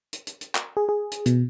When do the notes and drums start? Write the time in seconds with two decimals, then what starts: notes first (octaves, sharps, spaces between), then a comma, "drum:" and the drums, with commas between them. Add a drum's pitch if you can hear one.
0.13 drum: hi-hat
0.27 drum: hi-hat
0.41 drum: hi-hat
0.55 drum: clap
0.77 G#4
0.89 G#4
1.12 drum: hi-hat
1.26 B2, drum: hi-hat